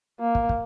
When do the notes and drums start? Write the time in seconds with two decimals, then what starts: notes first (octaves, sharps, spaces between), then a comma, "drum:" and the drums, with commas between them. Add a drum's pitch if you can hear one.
0.20 A#3
0.35 drum: kick
0.49 drum: kick